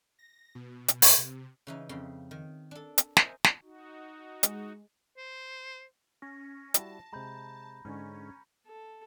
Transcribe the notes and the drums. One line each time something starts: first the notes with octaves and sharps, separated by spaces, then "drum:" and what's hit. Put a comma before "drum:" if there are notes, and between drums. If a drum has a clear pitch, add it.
A#6
B2
drum: hi-hat
drum: open hi-hat
C3
C#3 E3 D#4
F2 C#3 B5 C6
D#3
D4 A4
drum: hi-hat
A#4 C5 D#5 E5 G#5, drum: snare
drum: snare
D#4 F#4
G#3, drum: hi-hat
C5
C#4 A#6
G3 E4 F#4 A5, drum: hi-hat
C3 G#3 A#5 B5 G6
G#2 D3 G#3 C#4
A4